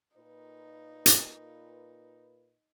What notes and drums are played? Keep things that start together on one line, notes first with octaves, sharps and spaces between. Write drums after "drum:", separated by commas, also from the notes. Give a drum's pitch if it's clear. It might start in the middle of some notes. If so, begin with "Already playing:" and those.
A#2 D#4 B4
drum: hi-hat